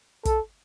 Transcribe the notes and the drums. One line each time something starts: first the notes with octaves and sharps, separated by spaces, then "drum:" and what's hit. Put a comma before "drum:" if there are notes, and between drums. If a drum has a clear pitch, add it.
A4, drum: kick, hi-hat